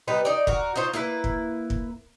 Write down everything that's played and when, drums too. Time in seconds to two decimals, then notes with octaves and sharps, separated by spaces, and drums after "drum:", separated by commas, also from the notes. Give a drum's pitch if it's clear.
0.08 G3 B3 D#4 B4
0.25 D#4 D5
0.47 F#4 A#4, drum: kick
0.76 D#4 F4 C5 C#5
0.94 A#3 E4 B4, drum: snare
1.24 drum: kick
1.70 drum: kick